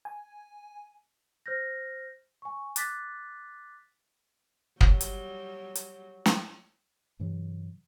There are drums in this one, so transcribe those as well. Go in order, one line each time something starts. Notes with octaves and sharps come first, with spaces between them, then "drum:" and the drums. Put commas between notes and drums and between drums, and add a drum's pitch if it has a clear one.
G#5
C5 F6 G6 A#6
G#5 C#6
D6 F#6 A6 B6, drum: hi-hat
F#3 G3, drum: kick
drum: hi-hat
drum: hi-hat
drum: snare
G2 C3 E3 F#3